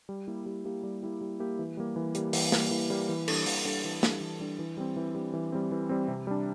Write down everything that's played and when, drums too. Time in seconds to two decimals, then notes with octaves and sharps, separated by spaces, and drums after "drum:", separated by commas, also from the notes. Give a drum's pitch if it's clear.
0.09 G3
0.28 A#3 E4 G4
0.46 G3
0.65 A#3 E4 G4
0.83 G3
1.03 A#3 E4 G4
1.21 G3
1.40 A#3 E4 G4
1.59 E3
1.77 G3 A#3
1.96 E3
2.15 G3 A#3, drum: hi-hat
2.33 E3, drum: open hi-hat
2.52 G3 A#3, drum: snare
2.71 E3
2.90 G3 A#3
3.09 E3
3.28 G3 D4 A4, drum: cymbal
3.46 E3, drum: open hi-hat
3.65 G3 D4 A4
3.84 E3
4.03 G3 D4 A4, drum: snare
4.21 E3
4.40 G3 D4 A4
4.59 E3
4.77 G3 C4
4.96 E3
5.15 G3 C4
5.34 E3
5.52 G3 C4
5.72 E3
5.89 G3 C4
6.08 C3
6.27 G3 D4